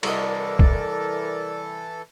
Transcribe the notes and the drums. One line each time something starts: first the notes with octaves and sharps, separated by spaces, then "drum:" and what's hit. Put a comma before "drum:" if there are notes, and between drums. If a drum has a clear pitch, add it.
C2 E3 F#4 A4 A#4 D5 D#5, drum: cymbal
drum: kick